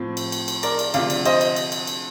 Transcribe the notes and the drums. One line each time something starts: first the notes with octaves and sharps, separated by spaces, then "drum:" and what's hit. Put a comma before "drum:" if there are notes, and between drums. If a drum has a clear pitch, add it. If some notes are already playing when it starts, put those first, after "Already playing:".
Already playing: A2 F3 C4
drum: cymbal
drum: cymbal
drum: cymbal
A#4 D5, drum: cymbal
drum: cymbal
D2 C3 F3 D5 F5, drum: cymbal
drum: cymbal
C5 D#5, drum: cymbal
drum: cymbal
drum: cymbal
drum: cymbal
drum: cymbal